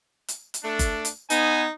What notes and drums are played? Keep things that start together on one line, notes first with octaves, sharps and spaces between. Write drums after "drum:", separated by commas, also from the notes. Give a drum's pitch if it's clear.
drum: hi-hat
drum: hi-hat
A3 D4
drum: kick F#1, hi-hat
drum: hi-hat
B3 D#4 G#5, drum: hi-hat